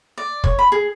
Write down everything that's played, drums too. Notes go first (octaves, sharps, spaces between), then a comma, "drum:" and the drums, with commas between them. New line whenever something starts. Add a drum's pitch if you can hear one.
D5
C#5, drum: kick
B5
G#4